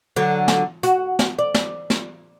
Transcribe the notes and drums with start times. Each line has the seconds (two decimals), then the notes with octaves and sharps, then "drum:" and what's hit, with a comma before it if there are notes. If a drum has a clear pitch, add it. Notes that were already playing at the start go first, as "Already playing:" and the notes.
0.16 D3 F#3
0.48 drum: snare
0.83 F#4, drum: hi-hat
1.19 drum: snare
1.39 D5
1.54 drum: snare
1.90 drum: snare